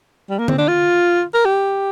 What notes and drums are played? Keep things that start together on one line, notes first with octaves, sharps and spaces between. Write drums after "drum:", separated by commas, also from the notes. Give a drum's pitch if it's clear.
G3
A#3
C4, drum: tom D3
D4
F4
A#4
G4